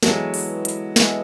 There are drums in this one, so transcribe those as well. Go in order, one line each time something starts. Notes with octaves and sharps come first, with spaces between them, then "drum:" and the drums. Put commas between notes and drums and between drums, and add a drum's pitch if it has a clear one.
E3 F#3 G#3 B3 F#4 A4, drum: snare
drum: open hi-hat
drum: hi-hat
E3 G#3 B3 F#4 A4, drum: snare